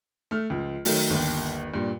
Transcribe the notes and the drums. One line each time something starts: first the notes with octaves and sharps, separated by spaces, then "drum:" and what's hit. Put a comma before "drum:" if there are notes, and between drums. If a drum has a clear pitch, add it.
A3 F6
C#2 F3
D#3 F#3 A3, drum: open hi-hat
G1 D#2
G2 A#2